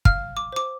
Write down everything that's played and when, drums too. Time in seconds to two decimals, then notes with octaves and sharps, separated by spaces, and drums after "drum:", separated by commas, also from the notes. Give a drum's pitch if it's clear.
0.05 F5 F6, drum: kick
0.37 D6
0.52 C5 D6